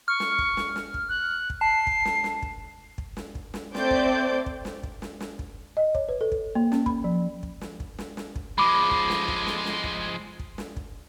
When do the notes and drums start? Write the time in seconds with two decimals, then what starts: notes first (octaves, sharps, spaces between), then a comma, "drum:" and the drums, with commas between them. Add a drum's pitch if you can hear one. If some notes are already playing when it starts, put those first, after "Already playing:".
0.08 C#6 F6
0.20 drum: snare
0.39 drum: kick
0.57 drum: snare
0.76 drum: snare
0.94 drum: kick
1.09 F#6
1.50 drum: kick
1.61 A5 C7
1.87 drum: kick
2.05 drum: snare
2.24 drum: snare
2.42 drum: kick
2.98 drum: kick
3.17 drum: snare
3.35 drum: kick
3.54 drum: snare
3.75 A3 C4 C5 D5 D6 G6, drum: snare
3.91 drum: kick
4.46 drum: kick
4.65 drum: snare
4.83 drum: kick
5.02 drum: snare
5.20 drum: snare
5.39 drum: kick
5.77 D#5
5.95 C#5, drum: kick
6.09 B4
6.21 A4
6.32 drum: kick
6.55 A#3
6.72 C#4, drum: snare
6.86 B5, drum: kick
7.04 F3
7.43 drum: kick
7.61 drum: snare
7.80 drum: kick
7.98 drum: snare
8.17 drum: snare
8.36 drum: kick
8.58 F3 G#3 B5 D6
8.91 drum: kick
9.10 drum: snare
9.28 drum: kick
9.47 drum: snare
9.65 drum: snare
9.84 drum: kick
10.39 drum: kick
10.58 drum: snare
10.77 drum: kick